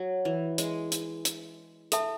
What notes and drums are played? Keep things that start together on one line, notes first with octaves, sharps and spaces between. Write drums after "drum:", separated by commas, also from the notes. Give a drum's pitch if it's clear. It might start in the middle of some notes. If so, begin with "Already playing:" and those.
Already playing: F#3
E3
G#3, drum: hi-hat
drum: hi-hat
drum: hi-hat
A4 E5 A5, drum: hi-hat